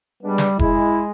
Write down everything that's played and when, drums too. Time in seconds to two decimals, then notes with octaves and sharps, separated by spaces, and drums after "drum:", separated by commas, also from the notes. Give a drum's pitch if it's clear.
0.23 G3 G#3 B3 D4
0.38 drum: snare
0.59 G#3 E4, drum: kick E1